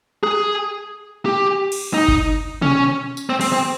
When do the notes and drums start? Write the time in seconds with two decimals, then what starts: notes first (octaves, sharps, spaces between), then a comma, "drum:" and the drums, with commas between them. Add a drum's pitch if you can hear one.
0.23 G#4, drum: rim click
1.25 G4
1.72 drum: cymbal
1.94 D#4
2.08 drum: kick G1
2.62 C#4, drum: tom
3.17 drum: tambourine
3.30 C4
3.41 C4, drum: cymbal
3.53 C4